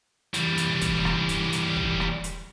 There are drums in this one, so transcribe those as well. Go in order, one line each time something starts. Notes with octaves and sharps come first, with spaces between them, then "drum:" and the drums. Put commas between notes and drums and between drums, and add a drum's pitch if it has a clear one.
E3 G3, drum: hi-hat
drum: hi-hat
drum: kick, hi-hat
drum: rim click
drum: hi-hat
drum: hi-hat
drum: kick
drum: rim click
drum: hi-hat